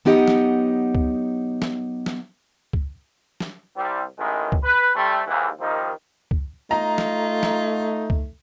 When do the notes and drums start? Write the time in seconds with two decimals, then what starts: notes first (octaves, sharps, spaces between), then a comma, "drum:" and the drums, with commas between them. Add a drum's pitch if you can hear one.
0.05 F#3 B3 D#4 G4 D#5 F#5
0.28 drum: snare
0.95 drum: kick C#2
1.62 drum: snare
2.06 drum: snare
2.73 drum: kick C#2
3.40 drum: snare
3.77 C2 G3 C4
4.19 A1 D#3 G#3
4.52 drum: kick C#2
4.63 B4
4.95 G3 A3 C4
5.27 D#2 G#2 E3
5.60 D#3 F3 G3 A#3 C4 D#4
6.31 drum: kick C#2
6.71 A3 D#4 F4 A#5
6.98 drum: snare
7.43 drum: snare
8.10 drum: kick C#2